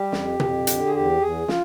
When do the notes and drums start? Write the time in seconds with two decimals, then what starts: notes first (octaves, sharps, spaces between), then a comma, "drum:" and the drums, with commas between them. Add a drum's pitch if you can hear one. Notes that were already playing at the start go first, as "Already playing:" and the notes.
Already playing: G3 G4
0.12 F2, drum: snare
0.40 F2, drum: tom B2
0.67 D3, drum: hi-hat
0.86 G#4
0.94 E2 G4
1.21 E2 G#4
1.48 F4, drum: snare